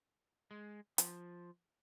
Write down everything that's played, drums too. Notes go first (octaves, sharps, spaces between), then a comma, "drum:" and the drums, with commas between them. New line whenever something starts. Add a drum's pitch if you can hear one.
G#3
F3, drum: hi-hat